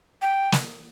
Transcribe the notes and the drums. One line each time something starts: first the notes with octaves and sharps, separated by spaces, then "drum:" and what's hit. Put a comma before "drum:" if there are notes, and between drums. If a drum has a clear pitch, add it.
G5
drum: snare